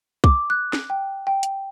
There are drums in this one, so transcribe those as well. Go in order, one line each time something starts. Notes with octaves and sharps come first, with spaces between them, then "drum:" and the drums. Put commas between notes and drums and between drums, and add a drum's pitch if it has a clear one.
D6, drum: kick
F#6
drum: snare
G5
G5
drum: hi-hat